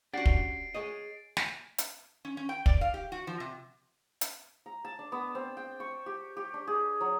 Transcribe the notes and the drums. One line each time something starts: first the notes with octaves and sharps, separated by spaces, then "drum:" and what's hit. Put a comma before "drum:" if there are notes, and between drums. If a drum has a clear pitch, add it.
C#4 D4 F#4 G4 F#5 A6 C7 D7
drum: kick
G#4 C#5 D#5
drum: snare
drum: hi-hat
C#4
C#4
G5
D5, drum: kick
F5
G4
F#4
F3
C3
drum: hi-hat
A#5
A5
D4
B3
C4
G5
C#6
G4
G4
D4
G#4
F#3